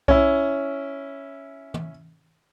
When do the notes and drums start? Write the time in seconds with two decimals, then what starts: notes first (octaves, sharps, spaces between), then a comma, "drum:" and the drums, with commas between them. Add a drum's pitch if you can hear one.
0.08 C#4 E4, drum: kick B1
1.74 drum: tom